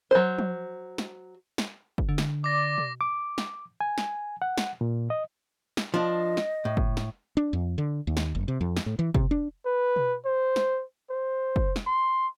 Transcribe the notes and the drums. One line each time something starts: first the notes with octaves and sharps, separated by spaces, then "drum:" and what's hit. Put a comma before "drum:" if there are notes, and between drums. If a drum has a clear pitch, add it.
F#3 C5
drum: tom F3
drum: snare
drum: snare
drum: kick
D3
drum: snare
D5 D6 A#6
drum: tom B2
D6
drum: snare
G#5
drum: snare
F#5
drum: snare
A#2
D#5
drum: snare
F3 D4 D#5
drum: snare
A2
drum: kick
drum: snare
D4
F2
D3
D#2
drum: snare
F#1
C3
F2
drum: snare
A2
E3
C3, drum: kick
D4
B4
drum: tom B2
C5
drum: snare
C5
drum: kick
drum: snare
C6